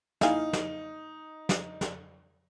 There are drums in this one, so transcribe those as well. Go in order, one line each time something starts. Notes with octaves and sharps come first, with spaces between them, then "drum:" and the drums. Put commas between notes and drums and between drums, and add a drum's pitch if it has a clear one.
A#3 D#4 E4 F5 G#5, drum: snare
drum: snare
drum: snare
drum: snare